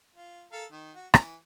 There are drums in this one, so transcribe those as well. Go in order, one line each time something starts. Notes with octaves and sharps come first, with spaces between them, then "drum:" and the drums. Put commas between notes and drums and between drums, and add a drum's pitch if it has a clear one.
F4
A4 A#4 F5
D#3
F#4
E3, drum: rim click